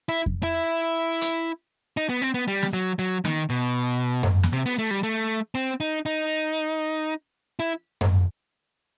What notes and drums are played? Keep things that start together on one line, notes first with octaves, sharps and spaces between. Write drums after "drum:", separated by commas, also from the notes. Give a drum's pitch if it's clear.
E4
drum: kick F2
E4
drum: hi-hat
D#4
B3
C4
B3
G3
drum: snare
F#3
F#3
D#3, drum: snare
B2
drum: tom F#2
drum: snare
C3
B3, drum: open hi-hat
A3
G3
A3
C4
D#4
D#4
E4
drum: tom F#2